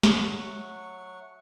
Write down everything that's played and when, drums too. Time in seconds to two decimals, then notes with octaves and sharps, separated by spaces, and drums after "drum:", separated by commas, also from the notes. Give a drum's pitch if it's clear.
0.03 F#3 A3 F#5 C#6, drum: snare